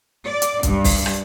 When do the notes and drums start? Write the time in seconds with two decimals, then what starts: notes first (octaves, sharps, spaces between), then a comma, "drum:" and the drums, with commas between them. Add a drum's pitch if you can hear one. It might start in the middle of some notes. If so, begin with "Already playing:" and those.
0.25 D5
0.42 drum: hi-hat
0.63 G2, drum: kick, hi-hat
0.84 drum: kick, open hi-hat
1.06 drum: rim click